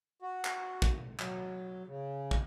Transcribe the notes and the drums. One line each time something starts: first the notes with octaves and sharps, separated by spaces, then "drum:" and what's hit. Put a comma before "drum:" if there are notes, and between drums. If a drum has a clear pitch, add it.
F#4
drum: clap
drum: kick
F#3, drum: clap
C#3
drum: kick